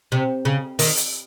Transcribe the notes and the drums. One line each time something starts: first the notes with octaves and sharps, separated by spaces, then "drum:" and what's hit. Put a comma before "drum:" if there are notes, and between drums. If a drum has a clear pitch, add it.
C3
C#3
D#3, drum: open hi-hat
drum: hi-hat